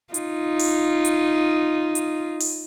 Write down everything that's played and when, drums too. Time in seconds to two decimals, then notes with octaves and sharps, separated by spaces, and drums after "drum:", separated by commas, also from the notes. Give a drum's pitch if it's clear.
0.14 D#4 F4, drum: hi-hat
0.59 drum: open hi-hat
1.05 drum: hi-hat
1.95 drum: hi-hat
2.40 drum: open hi-hat